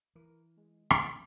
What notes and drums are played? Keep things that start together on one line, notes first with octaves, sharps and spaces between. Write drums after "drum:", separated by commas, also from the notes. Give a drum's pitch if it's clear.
E3 A#4
G#3
drum: rim click